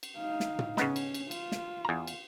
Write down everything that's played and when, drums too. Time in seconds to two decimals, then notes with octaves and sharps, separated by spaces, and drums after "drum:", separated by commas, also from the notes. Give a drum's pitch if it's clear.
0.03 drum: cymbal
0.17 D#4 F5
0.40 drum: snare
0.59 drum: tom
0.77 C#3 B3 C#4 D#4, drum: snare
0.96 drum: cymbal
1.14 drum: cymbal
1.31 F4, drum: cymbal
1.52 drum: snare
1.85 E2 A#5
2.07 drum: cymbal